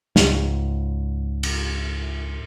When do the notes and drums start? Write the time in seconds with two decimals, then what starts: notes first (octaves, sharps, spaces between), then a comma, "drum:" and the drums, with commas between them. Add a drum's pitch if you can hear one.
0.16 C#2 G#2, drum: snare
1.43 drum: cymbal